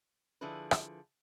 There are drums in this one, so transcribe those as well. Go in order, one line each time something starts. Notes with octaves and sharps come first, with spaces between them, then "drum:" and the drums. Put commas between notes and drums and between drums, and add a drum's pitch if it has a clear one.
D3 F3 E4 G#4 B4
drum: rim click